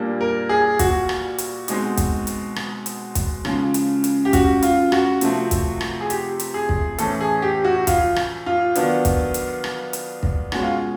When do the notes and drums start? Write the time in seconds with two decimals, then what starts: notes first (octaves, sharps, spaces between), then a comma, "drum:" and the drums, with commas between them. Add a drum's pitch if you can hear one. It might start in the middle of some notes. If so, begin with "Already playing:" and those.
Already playing: A#2 G3 A#3 D4
0.21 A#4
0.49 G#4
0.79 F#4, drum: kick, hi-hat
1.09 drum: rim click
1.38 drum: hi-hat
1.68 B2 G#3 C4 D#4, drum: hi-hat
1.97 drum: kick, hi-hat
2.27 drum: hi-hat
2.56 drum: rim click
2.86 drum: hi-hat
3.15 drum: kick, hi-hat
3.45 C#3 F3 G#3, drum: rim click
3.74 drum: hi-hat
4.04 drum: hi-hat
4.25 G4
4.33 F#4, drum: kick, hi-hat
4.63 F4, drum: hi-hat
4.92 F#4, drum: rim click
5.21 C3 F3 A3 C4, drum: hi-hat
5.51 drum: kick, hi-hat
5.81 drum: rim click
6.01 G#4
6.10 G4, drum: hi-hat
6.40 drum: hi-hat
6.54 G#4
6.69 drum: kick
6.98 A2 E3 A3 C#4 A4, drum: hi-hat
7.21 G#4
7.42 G4
7.65 F#4
7.87 F4, drum: kick, hi-hat
8.16 drum: rim click
8.46 F4
8.75 D#3 F#3 B3 D4, drum: hi-hat
9.05 drum: kick, hi-hat
9.34 drum: hi-hat
9.64 drum: rim click
9.93 drum: hi-hat
10.23 drum: kick
10.52 B2 G#3 C#4 F#4, drum: rim click
10.62 F4